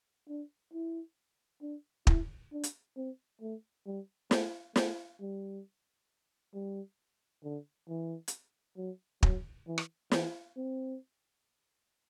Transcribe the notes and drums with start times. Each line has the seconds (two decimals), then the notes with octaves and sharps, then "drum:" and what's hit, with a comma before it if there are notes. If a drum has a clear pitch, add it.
0.29 D4
0.74 E4
1.62 D4
2.07 E4, drum: kick
2.52 D4
2.64 drum: hi-hat
2.97 C4
3.41 A3
3.86 G3
4.31 A3, drum: snare
4.76 A3, drum: snare
5.21 G3
6.54 G3
7.44 D3
7.88 E3
8.28 drum: hi-hat
8.77 F#3
9.23 F#3, drum: kick
9.67 E3
9.78 drum: rim click
10.11 E3, drum: snare
10.57 C4